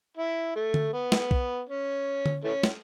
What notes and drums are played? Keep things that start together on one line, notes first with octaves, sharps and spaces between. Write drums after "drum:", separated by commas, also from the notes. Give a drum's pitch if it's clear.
E4
A3
drum: tom D3
B3
drum: snare
drum: kick B1
C#4
drum: tom D3
E3 A3 C#4
drum: snare